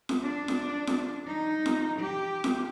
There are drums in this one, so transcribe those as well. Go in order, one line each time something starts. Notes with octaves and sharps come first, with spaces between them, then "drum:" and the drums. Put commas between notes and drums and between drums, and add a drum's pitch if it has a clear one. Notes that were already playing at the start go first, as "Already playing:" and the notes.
drum: snare F4
D4
drum: snare F4
drum: snare F4
D#4
drum: snare F4
G4
drum: snare F4